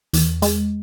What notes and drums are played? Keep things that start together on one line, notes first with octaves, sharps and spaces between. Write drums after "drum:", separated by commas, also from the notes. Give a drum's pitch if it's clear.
E2, drum: hi-hat
G#3, drum: hi-hat